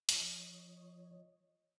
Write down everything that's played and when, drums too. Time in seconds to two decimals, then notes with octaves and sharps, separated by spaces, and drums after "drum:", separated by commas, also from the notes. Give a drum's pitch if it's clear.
0.09 F3 C#5 D#5, drum: hi-hat